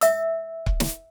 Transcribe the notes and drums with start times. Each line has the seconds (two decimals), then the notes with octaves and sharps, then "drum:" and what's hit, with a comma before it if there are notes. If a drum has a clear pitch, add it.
0.01 E5 E6, drum: hi-hat
0.66 drum: kick C#1
0.80 drum: snare